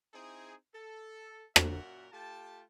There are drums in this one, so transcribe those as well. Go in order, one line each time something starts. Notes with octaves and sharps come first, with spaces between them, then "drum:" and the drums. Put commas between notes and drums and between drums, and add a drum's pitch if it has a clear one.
C4 D#4 E4 G#4
A4
F#2 A#2 F#4 A#4 E5 F#5, drum: rim click
A3 F4 G4 G5 A5